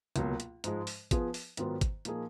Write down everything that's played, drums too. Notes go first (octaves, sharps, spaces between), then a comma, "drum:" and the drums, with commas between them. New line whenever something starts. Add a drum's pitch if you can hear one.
C#2 B2 F#3 A#3, drum: hi-hat
drum: hi-hat
G#2 F3 G#3, drum: hi-hat
drum: open hi-hat
F3 B3 F4 G#4 B4, drum: kick, hi-hat
drum: open hi-hat
G#2 D#3 F#3 B3 F4, drum: hi-hat
drum: kick, hi-hat
A#2 F3 A#3 D#4 G#4, drum: hi-hat